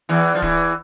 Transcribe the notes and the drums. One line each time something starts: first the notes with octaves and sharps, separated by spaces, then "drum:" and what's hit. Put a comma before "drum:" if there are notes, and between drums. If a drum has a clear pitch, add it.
E2 E3
F3
E2 E3, drum: kick D1